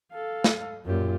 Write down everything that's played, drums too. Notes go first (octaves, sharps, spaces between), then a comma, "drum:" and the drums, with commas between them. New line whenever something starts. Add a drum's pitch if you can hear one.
A4 F5
drum: snare
F#2 A#2 F4 G4